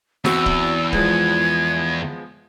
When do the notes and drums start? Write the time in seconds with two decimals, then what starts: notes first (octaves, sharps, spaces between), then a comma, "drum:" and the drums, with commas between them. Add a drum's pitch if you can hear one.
0.25 E2 C4 F#4 E6, drum: snare
0.46 drum: kick C#1
0.93 F3 G#3 B3 G#6, drum: kick C#1